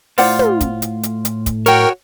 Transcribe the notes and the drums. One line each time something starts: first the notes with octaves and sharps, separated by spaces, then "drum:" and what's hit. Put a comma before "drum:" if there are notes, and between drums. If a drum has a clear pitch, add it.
A2 F4 C5 D5 F#5, drum: open hi-hat
drum: tom
drum: kick, hi-hat
drum: hi-hat
drum: hi-hat
drum: hi-hat
drum: kick, hi-hat
F#4 A#4 C#5 G5, drum: hi-hat